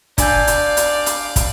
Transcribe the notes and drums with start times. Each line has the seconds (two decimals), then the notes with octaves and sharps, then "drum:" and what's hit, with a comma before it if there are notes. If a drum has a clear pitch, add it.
0.18 D4 D5 F5 G#5 G6, drum: kick, hi-hat
0.47 drum: hi-hat
0.77 drum: hi-hat
1.06 drum: hi-hat
1.36 drum: kick, hi-hat